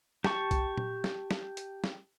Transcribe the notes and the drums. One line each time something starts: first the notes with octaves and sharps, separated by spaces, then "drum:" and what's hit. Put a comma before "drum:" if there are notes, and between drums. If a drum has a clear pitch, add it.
G4 A5 C#6, drum: snare
drum: kick B1, hi-hat
drum: tom A#2
drum: snare
drum: snare
drum: hi-hat
drum: snare